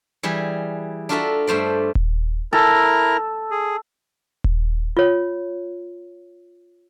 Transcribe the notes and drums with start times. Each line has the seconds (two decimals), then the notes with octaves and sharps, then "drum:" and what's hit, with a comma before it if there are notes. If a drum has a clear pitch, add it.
0.23 E3 G3 G#4
1.09 D4 F4 F#4 A4 E5 A#5
1.47 G2 A3 C5 D5
1.95 drum: kick D#1
2.53 E4 A4 A#4 A#5
3.51 G#4
4.44 drum: kick D#1
4.97 F4 C#5